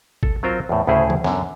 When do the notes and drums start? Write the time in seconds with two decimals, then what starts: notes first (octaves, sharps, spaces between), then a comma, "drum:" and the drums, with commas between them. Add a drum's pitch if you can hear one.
0.23 A4, drum: kick G#1
0.43 F#3 C4 F4 A#4 C5
0.69 E2 A2
0.87 D2 A2 C#3 E4 G#4 C5
1.10 drum: tom E3
1.24 F#2 D3, drum: snare